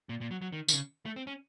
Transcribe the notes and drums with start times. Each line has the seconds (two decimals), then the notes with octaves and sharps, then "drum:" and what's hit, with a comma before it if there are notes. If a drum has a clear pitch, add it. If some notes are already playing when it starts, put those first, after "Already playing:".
0.09 A#2
0.21 A#2
0.31 F#3
0.42 F#3
0.52 D#3
0.68 D#3, drum: tambourine
0.73 C#3
1.06 A3
1.16 C4
1.27 C#4